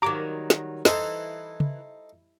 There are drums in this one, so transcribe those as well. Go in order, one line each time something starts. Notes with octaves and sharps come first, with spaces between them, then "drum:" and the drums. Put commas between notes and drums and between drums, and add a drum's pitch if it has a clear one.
D#3 F#3 G3 A#5 D6
drum: snare
E3 D#4 A4 C5, drum: snare
drum: tom C#3